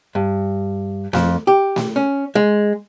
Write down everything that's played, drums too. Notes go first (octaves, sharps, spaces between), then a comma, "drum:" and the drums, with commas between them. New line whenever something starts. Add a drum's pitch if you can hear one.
G2
F2, drum: snare A3
G4
drum: snare A3
C#4
G#3